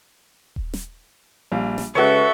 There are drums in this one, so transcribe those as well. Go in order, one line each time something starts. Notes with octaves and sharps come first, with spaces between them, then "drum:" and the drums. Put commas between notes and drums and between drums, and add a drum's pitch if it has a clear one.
drum: kick D#1
drum: snare
A#1 G3 F5
drum: snare
C#3 G#3 F#4 A4 B4 C#5 E5